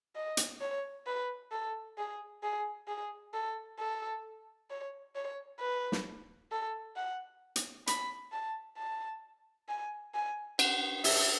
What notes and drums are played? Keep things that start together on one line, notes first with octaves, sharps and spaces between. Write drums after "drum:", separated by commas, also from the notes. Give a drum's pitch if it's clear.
D#5
drum: hi-hat
C#5
B4
A4
G#4
G#4
G#4
A4
A4
C#5
C#5
B4
drum: snare
A4
F#5
drum: hi-hat
B5, drum: hi-hat
A5
A5
G#5
G#5
F#5, drum: cymbal
E5, drum: open hi-hat